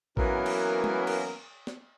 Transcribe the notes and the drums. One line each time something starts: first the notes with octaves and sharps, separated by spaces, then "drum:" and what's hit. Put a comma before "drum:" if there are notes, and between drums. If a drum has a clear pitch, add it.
E3 F#3 A#3 B3 C#4 A#4, drum: kick A1
drum: cymbal
drum: tom G#3
drum: cymbal
drum: snare